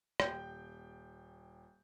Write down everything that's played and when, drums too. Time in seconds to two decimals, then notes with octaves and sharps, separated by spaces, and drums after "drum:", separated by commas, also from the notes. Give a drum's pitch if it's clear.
0.20 D#1 G5 G6, drum: rim click